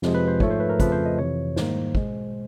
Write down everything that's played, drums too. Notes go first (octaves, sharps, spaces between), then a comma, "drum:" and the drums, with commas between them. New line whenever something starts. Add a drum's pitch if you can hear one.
F2 C3 F3 G#3, drum: snare
B4
C5
G#2 F3 A3 C#5, drum: kick
C5
B4
A#4
F2 C#3 F3 A3 B4, drum: kick, hi-hat
C5
D#5
F2 C3 E3 C#5
G#2 D#3 G3 A#3 C5, drum: snare
B2 G#3, drum: kick